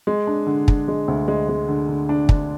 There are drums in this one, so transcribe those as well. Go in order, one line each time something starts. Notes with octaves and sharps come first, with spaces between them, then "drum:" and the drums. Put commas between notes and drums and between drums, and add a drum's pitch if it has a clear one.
G#3
D4
D3
D4, drum: kick
G#3
D2
G#3
G#3
D3
D3
D4
D4, drum: kick